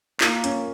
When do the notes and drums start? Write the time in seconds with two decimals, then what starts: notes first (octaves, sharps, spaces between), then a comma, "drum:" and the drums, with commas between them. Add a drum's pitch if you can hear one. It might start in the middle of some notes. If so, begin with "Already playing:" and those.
0.21 A#3 F4, drum: clap
0.44 C#4, drum: hi-hat